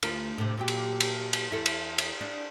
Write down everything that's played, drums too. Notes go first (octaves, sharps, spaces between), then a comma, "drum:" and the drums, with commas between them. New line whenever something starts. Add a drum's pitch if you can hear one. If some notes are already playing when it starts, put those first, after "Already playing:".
D2 F4 A#4, drum: cymbal
A2 C3
A#2 F#3 G4
drum: cymbal
drum: cymbal
drum: cymbal
E2 E4 A4
drum: cymbal
drum: cymbal
D4